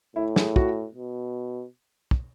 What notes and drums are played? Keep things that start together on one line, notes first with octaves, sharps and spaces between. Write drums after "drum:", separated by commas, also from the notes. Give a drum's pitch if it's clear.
A2 E4
G#4, drum: snare
F#4, drum: kick
B2
drum: kick